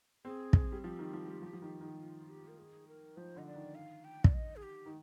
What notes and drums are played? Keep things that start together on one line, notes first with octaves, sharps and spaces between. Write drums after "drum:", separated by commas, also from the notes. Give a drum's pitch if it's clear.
C4 G#4
drum: kick
G3
F3 G4
D#3
F3
G3
F3
F3
D#3
D#3
F4
G4
A#4
G#4
A#4
F3 C5
D3 D#5
D5
D#3
F5
G5
D5, drum: kick
D#5
G#4
G4
D#3